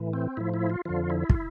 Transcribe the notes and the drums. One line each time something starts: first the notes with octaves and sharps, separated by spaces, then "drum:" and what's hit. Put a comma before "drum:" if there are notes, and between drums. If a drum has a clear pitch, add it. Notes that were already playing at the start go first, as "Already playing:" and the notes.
Already playing: A2 E3
C4
A2 F3 E4
E4
F4
F2 D3 F3 F4
E4
F4, drum: kick
E4